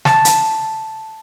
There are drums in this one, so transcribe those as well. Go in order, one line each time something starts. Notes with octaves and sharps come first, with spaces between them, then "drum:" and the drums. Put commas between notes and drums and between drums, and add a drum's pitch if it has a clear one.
A5, drum: snare
drum: hi-hat